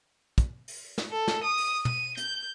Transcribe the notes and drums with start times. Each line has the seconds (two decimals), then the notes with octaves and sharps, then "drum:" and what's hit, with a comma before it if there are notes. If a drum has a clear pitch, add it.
0.38 drum: kick, hi-hat
0.68 drum: open hi-hat
0.98 drum: snare
1.11 A4
1.28 drum: snare
1.43 D#6
1.58 drum: open hi-hat
1.85 D#7, drum: tom
2.17 G6, drum: hi-hat